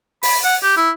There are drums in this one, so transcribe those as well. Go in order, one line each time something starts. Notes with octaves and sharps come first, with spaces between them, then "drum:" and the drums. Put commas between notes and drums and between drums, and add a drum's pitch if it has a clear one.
B5, drum: open hi-hat
F#5
G4
E4